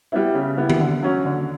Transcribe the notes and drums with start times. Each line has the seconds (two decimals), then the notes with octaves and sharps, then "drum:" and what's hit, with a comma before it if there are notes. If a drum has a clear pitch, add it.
0.12 G3 B3 E4
0.34 C#3
0.57 G3 B3 E4
0.70 drum: tom D#3
0.80 D3
1.03 F#3 C#4
1.25 D3